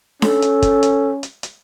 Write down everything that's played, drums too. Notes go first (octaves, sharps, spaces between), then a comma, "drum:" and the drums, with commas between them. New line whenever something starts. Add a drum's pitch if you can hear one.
C#4 A4, drum: snare D4
drum: hi-hat
drum: kick, hi-hat
drum: hi-hat
drum: hi-hat
drum: hi-hat